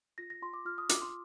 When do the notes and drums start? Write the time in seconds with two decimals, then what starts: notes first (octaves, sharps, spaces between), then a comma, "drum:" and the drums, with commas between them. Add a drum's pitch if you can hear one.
0.18 F4 A#6
0.30 A#6
0.42 F4 C6
0.54 D6
0.65 F4 F6
0.78 D#6
0.89 F4 D6, drum: hi-hat
1.02 C6